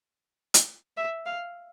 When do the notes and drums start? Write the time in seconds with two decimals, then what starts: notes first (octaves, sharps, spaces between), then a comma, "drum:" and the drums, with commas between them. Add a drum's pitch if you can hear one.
0.54 drum: hi-hat
0.97 E5
1.26 F5